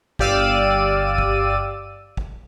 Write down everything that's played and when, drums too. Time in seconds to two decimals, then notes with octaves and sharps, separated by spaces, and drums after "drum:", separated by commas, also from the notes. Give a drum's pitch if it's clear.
0.19 G1 G4 D5 F5 E6 D#7, drum: kick
1.18 drum: kick
2.17 drum: kick